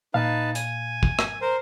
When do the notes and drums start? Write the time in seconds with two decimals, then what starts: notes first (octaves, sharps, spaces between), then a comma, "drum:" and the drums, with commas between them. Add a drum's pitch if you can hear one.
0.14 A#2 D#4 B4 F5 A5
0.55 G#5, drum: hi-hat
1.03 drum: kick G#1
1.19 drum: rim click
1.41 A#4 C5